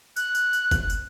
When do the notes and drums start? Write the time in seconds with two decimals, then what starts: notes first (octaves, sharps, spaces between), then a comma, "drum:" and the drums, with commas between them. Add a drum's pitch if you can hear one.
0.16 F#6, drum: tambourine
0.35 drum: tambourine
0.53 drum: tambourine
0.71 drum: kick, tambourine
0.90 drum: tambourine